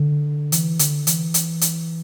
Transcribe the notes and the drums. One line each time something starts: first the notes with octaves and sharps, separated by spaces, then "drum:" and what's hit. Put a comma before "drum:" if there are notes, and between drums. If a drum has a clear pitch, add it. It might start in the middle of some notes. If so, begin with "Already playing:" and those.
Already playing: D3
E3, drum: hi-hat
D3, drum: hi-hat
E3, drum: hi-hat
drum: hi-hat
drum: hi-hat